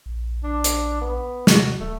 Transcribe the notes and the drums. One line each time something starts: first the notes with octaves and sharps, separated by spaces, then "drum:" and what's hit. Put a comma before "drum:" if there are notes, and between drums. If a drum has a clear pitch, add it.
A#1
A#1 D4
drum: hi-hat
B3
C3 F#4, drum: snare
D1 A3